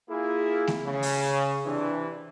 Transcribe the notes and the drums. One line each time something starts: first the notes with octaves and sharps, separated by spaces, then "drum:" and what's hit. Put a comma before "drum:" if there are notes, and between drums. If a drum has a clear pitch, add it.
A#3 E4 F4 G#4
drum: snare A3
C#3
drum: open hi-hat
C3 E3 D4